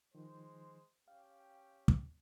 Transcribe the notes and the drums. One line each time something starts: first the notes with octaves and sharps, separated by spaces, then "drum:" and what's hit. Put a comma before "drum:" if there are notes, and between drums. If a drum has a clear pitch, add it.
D#3 F3 G#3 C5
C#4 G4 F5 G5
drum: kick